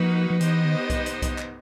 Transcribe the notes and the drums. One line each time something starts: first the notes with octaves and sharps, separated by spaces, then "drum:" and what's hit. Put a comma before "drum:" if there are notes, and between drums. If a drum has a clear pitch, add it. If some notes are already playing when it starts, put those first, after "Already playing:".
Already playing: F3 A#3 D#4 F#4 B4
F3
E3 B3 D#4 G4 C5 D#5, drum: hi-hat
D#3
drum: kick B1, hi-hat
drum: hi-hat
drum: kick B1, hi-hat
drum: clap